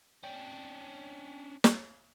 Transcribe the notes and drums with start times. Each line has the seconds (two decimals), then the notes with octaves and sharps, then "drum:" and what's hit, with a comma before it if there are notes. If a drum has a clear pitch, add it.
0.24 C#4 D4 G5
1.64 drum: snare